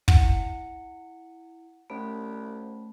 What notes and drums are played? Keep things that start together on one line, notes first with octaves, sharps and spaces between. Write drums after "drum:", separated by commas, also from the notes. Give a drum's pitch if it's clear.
E4 F#5 C#7, drum: kick
C2 A3 C#4 B5